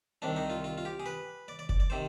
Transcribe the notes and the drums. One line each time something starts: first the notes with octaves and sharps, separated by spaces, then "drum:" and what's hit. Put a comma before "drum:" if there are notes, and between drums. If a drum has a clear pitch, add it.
C2 C3 D#3 D4
D#4
F4
F4
F4
G4
G#4
B4
D5
D5
D5, drum: kick F1
D5
C3 D#3 C5